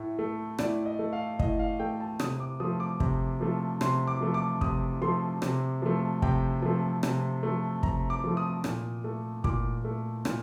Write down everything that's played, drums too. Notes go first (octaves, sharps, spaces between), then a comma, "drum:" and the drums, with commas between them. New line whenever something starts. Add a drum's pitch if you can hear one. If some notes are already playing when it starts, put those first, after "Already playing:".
Already playing: A2 A3
A3
A2 D5, drum: rim click
D#5
A3
F5
A2 D#5, drum: kick
F5
A3 G5
A5
C3 D#6, drum: rim click
D6
F3 A3 D#6
D6
C3, drum: kick
F3 A3
C3 C6, drum: rim click
D6
F3 A3
D6
C3 D#6, drum: kick
F3 A3 C6
C3, drum: rim click
F3 A3
C3 G5, drum: kick
F3 A3
C3, drum: rim click
F3 A3
C3 A#5, drum: kick
D6
F3 A3
D#6
A#2, drum: rim click
A3
A#2 D6, drum: kick
A3
A#2, drum: rim click